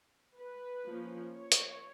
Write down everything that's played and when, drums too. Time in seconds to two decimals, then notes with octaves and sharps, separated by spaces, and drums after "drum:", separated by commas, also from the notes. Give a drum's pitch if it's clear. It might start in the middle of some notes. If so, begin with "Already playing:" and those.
0.39 B4
0.87 F3 A#3 C#4
1.35 C#5
1.52 drum: hi-hat